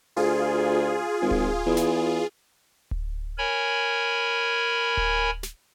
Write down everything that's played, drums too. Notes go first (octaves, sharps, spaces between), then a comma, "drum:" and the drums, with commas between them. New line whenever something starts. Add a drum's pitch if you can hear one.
D2 F4 G#4
G#1
drum: kick D1
E2
drum: snare
drum: kick D1
A#4 C#5 G#5 B5
drum: kick D1
drum: snare